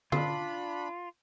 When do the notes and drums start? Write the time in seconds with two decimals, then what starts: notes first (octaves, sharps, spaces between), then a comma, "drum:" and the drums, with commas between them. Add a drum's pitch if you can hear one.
0.12 D4 F4 B5, drum: tom D3